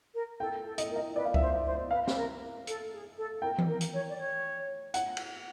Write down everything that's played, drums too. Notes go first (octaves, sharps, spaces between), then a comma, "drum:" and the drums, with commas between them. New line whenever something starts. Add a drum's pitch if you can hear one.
A#4
A4 G5
A4
D#5, drum: hi-hat
A#4
D#5
B4 D5
F5
E5, drum: kick C#2
C5
E5
C5
B4 F5
B4, drum: snare
A#4
A4, drum: hi-hat
G#4
A4
A#4 G5
drum: tom E3
A#4
drum: hi-hat
C#5
D5
C#5
F#5, drum: hi-hat
drum: cymbal